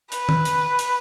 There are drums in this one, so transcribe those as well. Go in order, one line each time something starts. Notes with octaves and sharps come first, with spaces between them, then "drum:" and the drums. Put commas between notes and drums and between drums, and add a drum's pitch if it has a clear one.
B4, drum: hi-hat
drum: tom
drum: hi-hat
drum: hi-hat